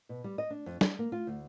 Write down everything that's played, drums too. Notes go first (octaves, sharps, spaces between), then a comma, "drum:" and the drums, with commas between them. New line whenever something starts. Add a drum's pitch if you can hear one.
B2
G3
D#5
D4
F2
D4, drum: snare
A#3
F4
D2